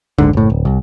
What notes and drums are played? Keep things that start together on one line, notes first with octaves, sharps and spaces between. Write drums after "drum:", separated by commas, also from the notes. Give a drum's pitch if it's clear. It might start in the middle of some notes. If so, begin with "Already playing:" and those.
F#1 G#2 D3, drum: kick C#2
F#1 A2
D1
C2